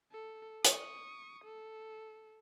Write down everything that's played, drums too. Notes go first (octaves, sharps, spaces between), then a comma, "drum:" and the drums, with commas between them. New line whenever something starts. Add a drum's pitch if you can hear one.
A4
C#6 D#6, drum: hi-hat
A4